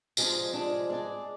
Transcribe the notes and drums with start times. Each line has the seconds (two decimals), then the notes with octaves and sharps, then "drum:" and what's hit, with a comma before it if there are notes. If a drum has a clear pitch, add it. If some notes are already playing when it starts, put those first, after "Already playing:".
0.17 C3 F3 G#3 D4 G#4, drum: tambourine
0.54 C3 F3 G#3 D4 G#4
0.89 G#3 D4 G#4 D5